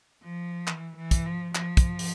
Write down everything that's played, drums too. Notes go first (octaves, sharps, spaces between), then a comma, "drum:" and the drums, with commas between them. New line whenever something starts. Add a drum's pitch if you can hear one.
F3
E3, drum: clap
E3
drum: kick, hi-hat
F3
F3, drum: clap
drum: kick, hi-hat
drum: open hi-hat